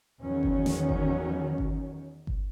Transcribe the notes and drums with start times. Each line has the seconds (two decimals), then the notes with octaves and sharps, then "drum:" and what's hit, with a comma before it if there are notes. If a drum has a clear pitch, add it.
0.20 E2 D#3 F#3 C#4
0.43 drum: kick G1
0.66 drum: snare
0.89 drum: kick G1
1.58 drum: kick G1
2.27 drum: kick G1